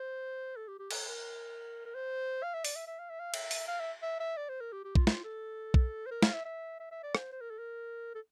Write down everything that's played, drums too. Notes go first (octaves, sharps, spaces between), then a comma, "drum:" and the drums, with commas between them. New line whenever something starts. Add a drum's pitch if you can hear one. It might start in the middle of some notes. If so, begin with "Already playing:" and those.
Already playing: C5
A4
G4
G4
A4, drum: cymbal
A#4
A#4
C5
F5
E5
D5, drum: open hi-hat
E5
E5
F5
E5
F5
E5, drum: cymbal
drum: open hi-hat
F5
E5
E5
E5
D5
C5
A#4
G4
G4
F4, drum: kick B1
F4, drum: snare
A4
drum: kick B1
C5
A#4
F5, drum: snare
E5
E5
E5
E5
D5
C5, drum: rim click
C5
A#4
A4
A#4
A4